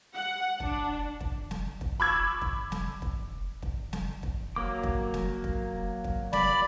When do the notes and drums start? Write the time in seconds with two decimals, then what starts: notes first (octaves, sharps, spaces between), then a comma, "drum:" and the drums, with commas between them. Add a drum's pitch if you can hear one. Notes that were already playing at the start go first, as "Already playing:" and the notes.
0.15 F#5
0.60 D4, drum: kick
1.21 drum: kick
1.51 drum: snare
1.81 drum: kick
2.00 B5 C#6 D6 E6 G#6
2.42 drum: kick
2.72 drum: snare
3.02 drum: kick
3.62 drum: kick
3.93 drum: snare
4.23 drum: kick
4.56 F#3 A#3 D6
4.83 drum: kick
5.14 drum: snare
5.44 drum: kick
6.04 drum: kick
6.33 D5 B5, drum: snare